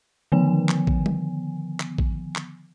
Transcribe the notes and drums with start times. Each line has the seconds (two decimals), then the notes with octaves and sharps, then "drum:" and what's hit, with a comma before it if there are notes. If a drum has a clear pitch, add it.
0.32 D3 D#3 F3 B3 G#5
0.69 drum: clap
0.87 drum: kick A1
1.06 drum: tom G3
1.80 drum: clap
1.98 drum: kick A1
2.35 drum: clap